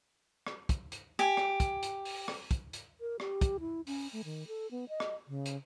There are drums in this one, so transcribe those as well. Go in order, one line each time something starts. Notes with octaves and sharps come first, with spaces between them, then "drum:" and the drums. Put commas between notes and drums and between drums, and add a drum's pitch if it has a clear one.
drum: rim click
drum: kick, hi-hat
drum: hi-hat
G4 G#5
drum: rim click
drum: kick, hi-hat
drum: hi-hat
drum: open hi-hat
drum: rim click
drum: kick, hi-hat
drum: hi-hat
A#4
G4, drum: rim click
drum: kick, hi-hat
E4
C#4, drum: open hi-hat
A3
D#3
A4
B3
D#5
drum: rim click
C#3
drum: hi-hat